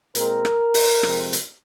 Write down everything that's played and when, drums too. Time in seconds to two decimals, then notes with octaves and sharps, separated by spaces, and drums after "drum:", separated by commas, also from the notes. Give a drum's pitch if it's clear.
0.15 A#2 G#3 C4 A#4, drum: hi-hat
0.45 drum: rim click
0.74 drum: open hi-hat
1.03 F2 C3 F3 G#3 C4, drum: rim click
1.33 drum: hi-hat